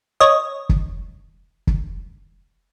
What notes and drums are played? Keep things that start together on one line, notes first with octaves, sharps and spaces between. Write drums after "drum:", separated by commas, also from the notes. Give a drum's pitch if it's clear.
C#5 D#5
drum: kick
drum: kick